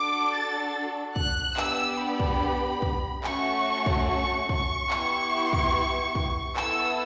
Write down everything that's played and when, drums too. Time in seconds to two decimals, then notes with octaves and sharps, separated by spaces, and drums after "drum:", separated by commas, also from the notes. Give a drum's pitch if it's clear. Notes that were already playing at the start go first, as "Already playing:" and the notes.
Already playing: D4 F#4 A4 D6
0.32 A6
1.16 F#6, drum: kick
1.57 B3 D4 G4 E6, drum: clap
1.99 B5
2.20 drum: kick
2.82 drum: kick
3.24 A3 C#4 F#4 C#6, drum: clap
3.86 drum: kick
4.08 C#6
4.49 C#6, drum: kick
4.90 B3 E4 G4, drum: clap
5.53 drum: kick
6.15 drum: kick
6.56 B3 E4 A4 E6, drum: clap